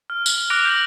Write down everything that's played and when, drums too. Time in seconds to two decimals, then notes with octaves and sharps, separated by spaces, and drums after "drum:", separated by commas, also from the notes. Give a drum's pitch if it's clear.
0.10 F6
0.26 drum: tambourine
0.50 D6 F#6 A#6 D7 F7
0.65 G6 A#6 F#7